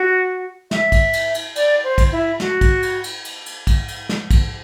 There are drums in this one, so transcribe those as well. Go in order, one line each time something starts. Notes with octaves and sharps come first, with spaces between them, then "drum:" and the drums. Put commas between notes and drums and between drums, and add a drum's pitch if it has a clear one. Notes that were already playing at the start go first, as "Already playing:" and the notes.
Already playing: F#4
E5, drum: snare
drum: kick, cymbal
drum: cymbal
drum: cymbal
D5, drum: cymbal
C5
drum: kick, cymbal
E4
F#4, drum: snare
drum: kick, cymbal
drum: cymbal
drum: cymbal
drum: cymbal
drum: cymbal
drum: kick, cymbal
drum: cymbal
drum: snare
drum: kick, cymbal